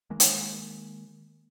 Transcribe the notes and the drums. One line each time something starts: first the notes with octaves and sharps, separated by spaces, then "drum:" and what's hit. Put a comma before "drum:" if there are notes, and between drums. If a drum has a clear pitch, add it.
D#3 G#3 A#3
drum: hi-hat